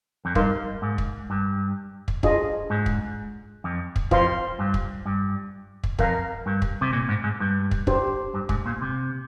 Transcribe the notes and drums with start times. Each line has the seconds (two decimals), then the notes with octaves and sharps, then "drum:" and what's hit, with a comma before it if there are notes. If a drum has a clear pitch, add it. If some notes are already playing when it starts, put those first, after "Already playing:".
0.25 F2
0.35 G2 D#4 A#4 F5 C6, drum: kick
0.82 G#2
0.98 drum: kick
1.30 G2
2.08 drum: kick
2.23 D4 F4 G#4 D#5, drum: kick
2.70 G#2
2.86 drum: kick
3.64 F2
3.96 drum: kick
4.11 F2 F4 C5 F5 C6, drum: kick
4.59 G2
4.74 drum: kick
5.06 G2
5.84 drum: kick
5.99 F2 A#4 F5 A#5, drum: kick
6.46 G2
6.62 drum: kick
6.81 C3
6.93 A#2
7.09 G#2
7.24 G#2
7.40 G2
7.71 drum: kick
7.87 D4 G4 C5, drum: kick
8.34 G2
8.49 G#2, drum: kick
8.66 A#2
8.82 C3